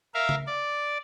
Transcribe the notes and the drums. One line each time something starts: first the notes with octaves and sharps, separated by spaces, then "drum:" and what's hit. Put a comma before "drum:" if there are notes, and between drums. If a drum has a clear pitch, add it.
A#4 E5 F5
drum: tom C#3
D5